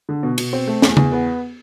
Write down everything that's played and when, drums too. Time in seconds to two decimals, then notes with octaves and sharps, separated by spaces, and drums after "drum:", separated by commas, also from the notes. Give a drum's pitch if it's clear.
0.09 D3
0.23 B2
0.38 B2, drum: cymbal
0.53 C4
0.67 A3
0.82 E2, drum: snare
0.97 E2, drum: tom C#3
1.12 B3